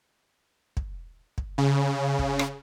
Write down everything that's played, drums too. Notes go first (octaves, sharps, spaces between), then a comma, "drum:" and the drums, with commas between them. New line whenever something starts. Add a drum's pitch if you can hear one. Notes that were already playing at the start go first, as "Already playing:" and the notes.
drum: kick
drum: kick
C#3
drum: kick
drum: rim click